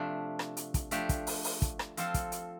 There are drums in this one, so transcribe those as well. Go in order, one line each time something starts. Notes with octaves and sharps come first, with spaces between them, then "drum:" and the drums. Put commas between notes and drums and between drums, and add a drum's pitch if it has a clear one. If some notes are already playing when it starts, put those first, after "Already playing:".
Already playing: C3 F3 A3 D4
drum: rim click
drum: hi-hat
drum: kick, hi-hat
F3 A3 D4 G4, drum: hi-hat
drum: kick, hi-hat
drum: open hi-hat
drum: open hi-hat
drum: kick, hi-hat
drum: rim click
F3 C4 F4 A4, drum: hi-hat
drum: kick, hi-hat
drum: hi-hat